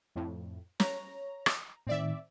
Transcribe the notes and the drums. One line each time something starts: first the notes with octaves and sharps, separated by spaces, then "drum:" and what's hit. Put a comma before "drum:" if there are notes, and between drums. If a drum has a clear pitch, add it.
F2 A2
C#5 A#5, drum: snare
drum: rim click
A2 D#3 C4 D5 E5